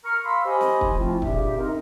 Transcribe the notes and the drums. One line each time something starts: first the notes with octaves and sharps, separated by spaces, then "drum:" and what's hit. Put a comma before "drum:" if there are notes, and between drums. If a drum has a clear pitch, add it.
A#4 A#5 C#6 F6
F5 B5 C6 E6
G4 C5 D#5 G#5 B5
drum: snare
drum: kick
F3 A3 C4 E4 F4
G2 A#2 C#3 G4 E5, drum: kick
C4 D#4 A#4